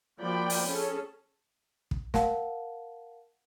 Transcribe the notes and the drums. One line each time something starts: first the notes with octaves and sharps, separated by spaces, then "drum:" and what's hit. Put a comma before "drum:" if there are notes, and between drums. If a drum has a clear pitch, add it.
F3 A#3 F#4 D5 G5 B5
drum: open hi-hat
C#4 G#4 A4
drum: kick
A#4 F5 F#5 A5, drum: snare